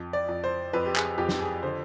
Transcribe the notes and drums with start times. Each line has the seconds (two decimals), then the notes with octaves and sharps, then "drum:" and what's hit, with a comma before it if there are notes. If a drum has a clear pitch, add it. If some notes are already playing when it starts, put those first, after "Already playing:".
Already playing: F2
0.13 D5
0.28 F2
0.44 C5
0.73 F2 B4
0.86 G4
0.96 G#4, drum: clap
1.18 F2 G4
1.29 drum: snare
1.40 G#4
1.63 D3 C5